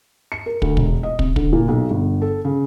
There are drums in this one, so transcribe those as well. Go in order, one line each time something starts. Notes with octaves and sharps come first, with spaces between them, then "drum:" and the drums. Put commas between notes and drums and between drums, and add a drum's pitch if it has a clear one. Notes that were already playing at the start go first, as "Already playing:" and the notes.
C#7
A#4
D2, drum: kick
E1, drum: kick
D#5
C3, drum: kick
D3, drum: kick
A#2
B1
G1
A4
C#3